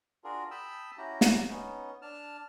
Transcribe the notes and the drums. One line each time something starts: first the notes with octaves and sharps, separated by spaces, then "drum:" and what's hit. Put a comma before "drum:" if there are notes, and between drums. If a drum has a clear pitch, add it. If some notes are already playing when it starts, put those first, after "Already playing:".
D4 F4 F#4 G#4 A#4
G5 A5 B5 D#6 E6
C#4 E4 F#4 G4 A#5
drum: snare
B3 C#4 D#4
D4 A5 F6